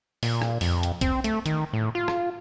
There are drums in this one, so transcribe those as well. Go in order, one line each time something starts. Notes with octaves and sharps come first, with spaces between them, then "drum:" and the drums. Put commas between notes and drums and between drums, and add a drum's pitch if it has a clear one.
A#2, drum: open hi-hat
drum: rim click
F2, drum: open hi-hat
drum: hi-hat
C4, drum: kick B1, hi-hat
A3, drum: hi-hat
D#3, drum: hi-hat
A2
F4
drum: rim click